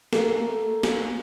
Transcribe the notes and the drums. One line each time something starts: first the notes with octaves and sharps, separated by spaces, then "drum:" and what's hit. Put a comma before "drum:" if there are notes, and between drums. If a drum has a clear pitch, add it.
A3 A#3, drum: snare
drum: snare